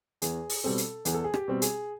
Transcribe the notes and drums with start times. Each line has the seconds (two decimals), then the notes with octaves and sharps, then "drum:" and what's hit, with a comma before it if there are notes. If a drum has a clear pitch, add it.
0.22 E2 G#4, drum: hi-hat
0.50 drum: open hi-hat
0.64 B2 G3 C4 A4
0.78 drum: hi-hat
1.05 E2 G#4, drum: hi-hat
1.14 A4
1.24 G#4
1.34 G4, drum: rim click
1.48 B2 G3 C4
1.62 G#4, drum: hi-hat